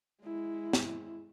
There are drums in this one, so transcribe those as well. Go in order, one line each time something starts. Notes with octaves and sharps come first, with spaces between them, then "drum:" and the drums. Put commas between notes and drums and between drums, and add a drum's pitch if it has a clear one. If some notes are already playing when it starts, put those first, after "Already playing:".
G#3 E4
drum: snare